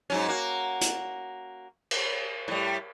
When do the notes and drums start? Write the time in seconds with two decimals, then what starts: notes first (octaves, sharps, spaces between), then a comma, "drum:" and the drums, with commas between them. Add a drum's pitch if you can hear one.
0.10 G#2 F#3 C#4
0.29 A#3 F#4
0.81 drum: hi-hat
1.91 drum: cymbal
2.48 A2 G3